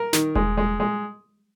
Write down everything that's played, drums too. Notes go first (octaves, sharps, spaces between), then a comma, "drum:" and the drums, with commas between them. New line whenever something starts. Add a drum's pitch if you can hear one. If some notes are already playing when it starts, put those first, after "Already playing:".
Already playing: A#4
D#3, drum: snare
G#3, drum: kick E1
G#3
G#3